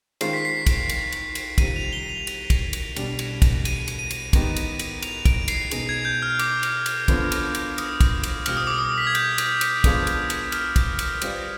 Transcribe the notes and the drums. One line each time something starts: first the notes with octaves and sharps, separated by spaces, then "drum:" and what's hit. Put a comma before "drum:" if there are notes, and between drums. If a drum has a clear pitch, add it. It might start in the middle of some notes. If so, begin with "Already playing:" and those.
D#3 G#3 C4 F4 C5 C7, drum: cymbal
B6
C7
drum: kick, cymbal
drum: cymbal
drum: cymbal
drum: cymbal
C3 D#3 G3 C4 F4 D#7, drum: kick, cymbal
F7
G7
F7
drum: cymbal
drum: kick, cymbal
drum: cymbal
B2 G3 D4, drum: cymbal
drum: cymbal
drum: kick, cymbal
D#7, drum: cymbal
drum: cymbal
D#7
drum: cymbal
G#2 D#3 B3 D#4 G4, drum: kick, cymbal
drum: cymbal
drum: cymbal
F7, drum: cymbal
D7, drum: kick, cymbal
C7, drum: cymbal
B2 G#3 B3 D#4 G#4, drum: cymbal
G#6
G6
F6
D6, drum: cymbal
drum: cymbal
drum: cymbal
D3 F3 B3 F4 C5, drum: kick, cymbal
drum: cymbal
drum: cymbal
D#6, drum: cymbal
drum: kick, cymbal
drum: cymbal
B2 G3 C4 F4 F6, drum: cymbal
D#6
D6
D#6
B6
G#6
G6, drum: cymbal
drum: cymbal
drum: cymbal
F3 G#3 B3 D4, drum: kick, cymbal
drum: cymbal
drum: cymbal
F6, drum: cymbal
drum: kick, cymbal
drum: cymbal
G3 C4 F4 B4 D5, drum: cymbal